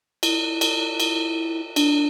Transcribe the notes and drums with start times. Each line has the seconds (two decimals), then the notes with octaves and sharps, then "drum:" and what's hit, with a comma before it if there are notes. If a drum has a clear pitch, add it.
0.23 E4, drum: cymbal
0.61 drum: cymbal
1.00 drum: cymbal
1.76 D4, drum: cymbal